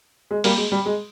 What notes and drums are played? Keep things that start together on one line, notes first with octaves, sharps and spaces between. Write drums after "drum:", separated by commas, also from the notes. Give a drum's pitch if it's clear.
G#3
G3 A#3, drum: open hi-hat
G#3
G3
G#3